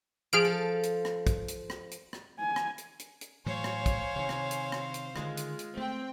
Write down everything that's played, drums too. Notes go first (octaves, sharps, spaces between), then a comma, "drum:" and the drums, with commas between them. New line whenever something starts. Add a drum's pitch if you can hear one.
F3 G#4 F6 D7
A4
drum: hi-hat
drum: rim click
drum: kick, hi-hat
drum: hi-hat
drum: rim click
drum: hi-hat
drum: rim click
G#5
drum: rim click
drum: hi-hat
drum: hi-hat
drum: hi-hat
A2 E3 F#3 C5 C#5 F5 G#5
drum: rim click
drum: kick, hi-hat
C3 D#3
drum: rim click
drum: hi-hat
drum: rim click
drum: hi-hat
D3 D#3 G#3 F4, drum: rim click
drum: hi-hat
drum: hi-hat
A3 C4 G5